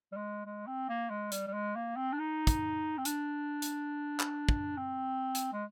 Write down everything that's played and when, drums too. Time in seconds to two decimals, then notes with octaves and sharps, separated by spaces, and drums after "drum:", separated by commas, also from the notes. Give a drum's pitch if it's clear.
0.12 G3
0.16 G#3
0.46 G#3
0.67 C4
0.89 A#3
1.10 G#3
1.32 G3, drum: hi-hat
1.47 G3
1.54 G#3
1.76 A#3
1.96 C4
2.13 D4
2.19 D#4
2.47 drum: kick, hi-hat
2.98 C4
3.05 D4, drum: hi-hat
3.62 drum: hi-hat
4.20 drum: clap
4.49 drum: kick
4.77 C4
5.35 drum: hi-hat
5.53 G#3